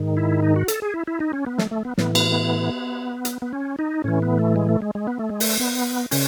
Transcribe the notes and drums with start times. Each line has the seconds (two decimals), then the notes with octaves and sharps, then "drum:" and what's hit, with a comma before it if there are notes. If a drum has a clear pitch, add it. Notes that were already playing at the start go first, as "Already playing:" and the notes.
Already playing: G#2 D#3
0.17 E4
0.42 D#4
0.56 F#4
0.68 A4, drum: hi-hat
0.82 G#4
0.94 E4
1.07 E4
1.20 D#4
1.33 C#4
1.46 B3
1.58 A3, drum: snare
1.71 A3
1.85 B3
1.98 A2 E3 B3, drum: snare
2.15 B3, drum: cymbal
2.32 B3
3.25 drum: hi-hat
3.42 B3
3.53 C#4
3.79 D#4
4.04 A2 E3 C#4
4.22 B3
4.39 A3
4.56 G#3
4.69 A3
4.82 G#3
4.95 G#3
5.07 B3
5.19 A3
5.29 G#3
5.40 A3, drum: open hi-hat
5.60 B3
6.11 C#3 C#4, drum: open hi-hat